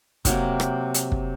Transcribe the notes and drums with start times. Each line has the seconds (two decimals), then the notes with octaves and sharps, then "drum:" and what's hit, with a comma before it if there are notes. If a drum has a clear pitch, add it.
0.25 C3 F#3 A#3, drum: kick, hi-hat
0.60 drum: rim click
0.94 drum: hi-hat
1.12 drum: kick